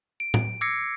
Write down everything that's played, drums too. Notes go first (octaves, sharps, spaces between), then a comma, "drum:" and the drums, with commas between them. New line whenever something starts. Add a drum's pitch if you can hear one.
D7
drum: tom A2
D6 E6 G#6 A#6 C7 C#7